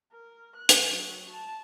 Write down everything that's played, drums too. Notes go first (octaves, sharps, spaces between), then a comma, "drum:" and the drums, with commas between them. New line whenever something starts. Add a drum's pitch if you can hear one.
A#4
F#6
drum: hi-hat
F#3
A5